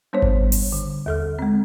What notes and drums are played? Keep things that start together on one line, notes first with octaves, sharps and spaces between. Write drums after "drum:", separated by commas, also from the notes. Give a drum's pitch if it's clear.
G3 B3 D4 C5 C#5
drum: kick G#1
drum: open hi-hat
D3
D#2 A4 F6
G#3 C4